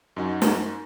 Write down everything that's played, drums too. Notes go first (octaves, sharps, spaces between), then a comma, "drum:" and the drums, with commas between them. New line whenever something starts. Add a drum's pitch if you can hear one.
F#2 D#4 F#4
drum: snare